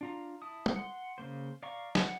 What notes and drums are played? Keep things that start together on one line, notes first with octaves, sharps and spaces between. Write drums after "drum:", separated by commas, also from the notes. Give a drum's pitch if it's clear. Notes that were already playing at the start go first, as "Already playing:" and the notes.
D4 F4 A#5
E4 A5 D#6
drum: tom
F#5 C6
C#3 A#3 C5
D5 F5 A#5 C#6
F#5, drum: snare